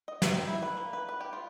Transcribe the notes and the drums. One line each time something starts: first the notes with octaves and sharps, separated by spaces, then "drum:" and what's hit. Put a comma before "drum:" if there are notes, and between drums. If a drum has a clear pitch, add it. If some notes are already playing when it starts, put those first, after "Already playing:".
D#5
A#5, drum: snare
G5
E4
B4
A#3
B4
B4
G4
F4